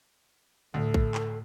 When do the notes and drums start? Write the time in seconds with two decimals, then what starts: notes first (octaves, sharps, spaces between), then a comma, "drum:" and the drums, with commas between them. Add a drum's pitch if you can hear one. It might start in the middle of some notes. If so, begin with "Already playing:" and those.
0.74 D2 A2 A4
0.94 drum: kick
1.15 drum: clap